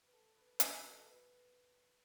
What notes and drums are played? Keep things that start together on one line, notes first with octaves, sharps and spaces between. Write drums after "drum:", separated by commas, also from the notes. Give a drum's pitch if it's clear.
B4
A4
B4
B4, drum: hi-hat
F#4
A4
B4